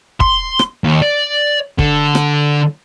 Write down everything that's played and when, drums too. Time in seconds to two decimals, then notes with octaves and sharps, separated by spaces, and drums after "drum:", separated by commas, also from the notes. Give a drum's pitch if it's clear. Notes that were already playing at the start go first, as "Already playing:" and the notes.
0.20 C6, drum: kick
0.59 drum: rim click
0.84 D#2
1.02 D5
1.79 D3, drum: kick
2.15 drum: rim click